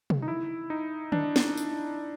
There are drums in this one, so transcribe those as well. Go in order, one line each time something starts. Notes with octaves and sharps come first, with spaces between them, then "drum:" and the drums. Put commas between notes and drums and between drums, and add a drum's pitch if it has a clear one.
drum: tom C3
D#4
E4
D#4
D4, drum: tom D3
drum: snare
drum: tambourine